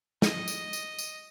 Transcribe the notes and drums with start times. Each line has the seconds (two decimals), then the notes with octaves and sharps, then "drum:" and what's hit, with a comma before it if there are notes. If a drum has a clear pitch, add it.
0.22 D#5, drum: snare
0.48 drum: tambourine
0.73 drum: tambourine
0.98 drum: tambourine